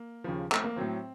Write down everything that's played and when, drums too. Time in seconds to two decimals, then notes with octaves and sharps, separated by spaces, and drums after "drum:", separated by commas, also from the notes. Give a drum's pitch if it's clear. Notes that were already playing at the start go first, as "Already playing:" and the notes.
Already playing: A#3
0.24 D#2 C#3 F3
0.52 A3, drum: clap
0.64 A#3
0.76 A2 F#3 C4